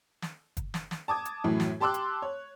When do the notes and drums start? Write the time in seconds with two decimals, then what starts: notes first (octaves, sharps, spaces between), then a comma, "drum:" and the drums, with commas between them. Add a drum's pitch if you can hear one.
0.22 drum: snare
0.57 drum: kick, hi-hat
0.74 drum: snare
0.91 drum: snare
1.08 A5 D6 D#6 G#6
1.25 drum: hi-hat
1.44 F#2 A2 E3 F#3
1.60 drum: snare
1.80 G4 A5 C6 D6 E6 F#6
1.94 drum: hi-hat
2.22 C#5